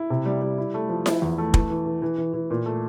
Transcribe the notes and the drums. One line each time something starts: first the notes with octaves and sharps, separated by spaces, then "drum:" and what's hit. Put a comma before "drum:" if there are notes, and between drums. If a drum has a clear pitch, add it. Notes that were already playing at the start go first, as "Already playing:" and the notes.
Already playing: E4
C3
G3
G3
E4
A3
F3
E4, drum: snare E4
E2
A3
E3, drum: kick
E3
E3
E3
E3
E3
A#2
A3